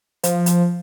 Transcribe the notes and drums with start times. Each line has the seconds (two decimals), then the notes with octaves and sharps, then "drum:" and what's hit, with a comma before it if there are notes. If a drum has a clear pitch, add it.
0.23 F3, drum: hi-hat
0.46 drum: hi-hat